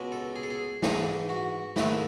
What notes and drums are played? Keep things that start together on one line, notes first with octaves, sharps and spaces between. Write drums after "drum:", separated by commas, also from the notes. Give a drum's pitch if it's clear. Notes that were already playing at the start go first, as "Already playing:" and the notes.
Already playing: C#2 B2 G#3
A4
G#4
A4
G#4
G#2 E3 G#3, drum: snare
F#4
G#2 D#3 A3 E4, drum: snare